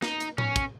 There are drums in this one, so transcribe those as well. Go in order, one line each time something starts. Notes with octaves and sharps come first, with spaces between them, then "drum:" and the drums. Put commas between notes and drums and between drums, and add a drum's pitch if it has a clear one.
D#4, drum: snare
drum: hi-hat
C#4, drum: tom A2
drum: kick, hi-hat